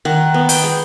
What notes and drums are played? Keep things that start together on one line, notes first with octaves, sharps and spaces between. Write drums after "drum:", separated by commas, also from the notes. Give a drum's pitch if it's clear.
D#3 F#5
B3
G5, drum: hi-hat
G#3